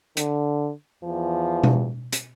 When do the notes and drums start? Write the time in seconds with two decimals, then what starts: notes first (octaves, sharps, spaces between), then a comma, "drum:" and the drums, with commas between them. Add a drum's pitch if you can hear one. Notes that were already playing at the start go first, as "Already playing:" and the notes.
0.17 D3, drum: hi-hat
1.04 E2 F3
1.64 drum: tom B2
2.13 drum: hi-hat